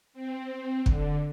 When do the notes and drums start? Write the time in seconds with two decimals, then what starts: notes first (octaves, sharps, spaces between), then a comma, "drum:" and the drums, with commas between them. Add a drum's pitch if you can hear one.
0.13 C4
0.86 D3, drum: kick